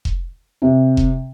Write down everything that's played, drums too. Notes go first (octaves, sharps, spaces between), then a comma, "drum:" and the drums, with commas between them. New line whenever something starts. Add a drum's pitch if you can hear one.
drum: kick F1
C3
drum: kick F1